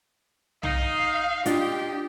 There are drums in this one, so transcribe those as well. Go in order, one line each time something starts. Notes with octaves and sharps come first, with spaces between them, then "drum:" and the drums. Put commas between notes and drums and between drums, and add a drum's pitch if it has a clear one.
D#4 F5, drum: tom B1
D4 F4 G4 D#5, drum: hi-hat